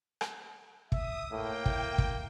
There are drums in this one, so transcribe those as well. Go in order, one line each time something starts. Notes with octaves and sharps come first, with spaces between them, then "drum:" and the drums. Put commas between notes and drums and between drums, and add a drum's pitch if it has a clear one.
drum: rim click
E5 D#6, drum: kick
A2 A#3 G5
E4, drum: kick
drum: kick